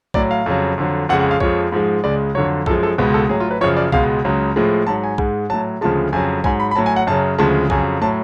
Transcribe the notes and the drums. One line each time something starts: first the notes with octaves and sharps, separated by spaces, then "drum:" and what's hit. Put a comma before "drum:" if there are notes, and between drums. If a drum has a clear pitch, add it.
A2 F#3 D5, drum: kick B1
F5
F2 C#3 F#3
F2 D3 F#3
F2 C#3 G#3 F#5
F#5
F5
F2 F3 G#3 C#5, drum: kick B1
G#2 F3 G#3
C#2 C#3 G#3 D5
F2 D3 F#3 C#5
F#2 F3 G#3 A4, drum: kick B1
A4
C#2 B2 G#3 B4
A4
A2 F#3 G#4
F4
B4
F#2 C#3 F3 C#5
D5
C#2 B2 G#3 F5, drum: kick B1
C#2 C#3 F#3
A2 F3 G#3
G#2 F#3 A5
G#5
G#2 G#3, drum: kick B1
A2 F#3 A5
D2 C#3 F3 G#3 A5
F2 C#3 F#3 G#5
G#2 F#3 G#5, drum: kick B1
B5
B5
A2 F#3 A5
G#5
F#5
F#2 C#3 F#3 A5
D2 C#3 F3 G#3 A5
F2 C#3 F#3 G#5, drum: kick B1
A2 F#3 A5